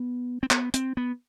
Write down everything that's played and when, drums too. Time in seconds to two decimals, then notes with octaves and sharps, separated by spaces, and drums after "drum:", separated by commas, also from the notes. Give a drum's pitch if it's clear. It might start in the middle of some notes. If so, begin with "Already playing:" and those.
Already playing: B3
0.43 C4
0.51 B3, drum: clap
0.74 C4, drum: hi-hat
0.97 B3